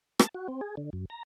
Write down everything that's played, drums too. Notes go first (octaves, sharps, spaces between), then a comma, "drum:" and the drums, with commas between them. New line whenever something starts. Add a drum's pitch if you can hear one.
A5, drum: rim click
F#4
C4
G#4
D3
F#2
A#5